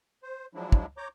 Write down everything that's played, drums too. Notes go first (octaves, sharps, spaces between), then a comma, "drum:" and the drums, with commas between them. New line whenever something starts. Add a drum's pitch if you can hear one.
C5
F3 F#3 G#3 D4 E4
drum: kick
C#5 A#5 D6 G6